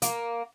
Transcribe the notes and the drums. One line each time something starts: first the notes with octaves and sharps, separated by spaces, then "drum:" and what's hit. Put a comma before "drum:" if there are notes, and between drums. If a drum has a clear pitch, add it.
A#3, drum: hi-hat